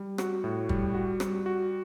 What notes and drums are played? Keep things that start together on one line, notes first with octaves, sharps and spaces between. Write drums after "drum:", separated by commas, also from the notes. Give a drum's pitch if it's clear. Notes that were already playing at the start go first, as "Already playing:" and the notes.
Already playing: G3
F#4, drum: rim click
A2
G3, drum: kick
F#4
G3, drum: rim click
F#4